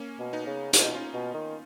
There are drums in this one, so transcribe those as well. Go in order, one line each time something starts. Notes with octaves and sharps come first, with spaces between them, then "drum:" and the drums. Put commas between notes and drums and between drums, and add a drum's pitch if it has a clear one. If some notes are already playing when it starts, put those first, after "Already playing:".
Already playing: A#3 C#4
B2
B3 D#4
C#3
B2 F4, drum: hi-hat
D#4
C#4 F4
B2
D#3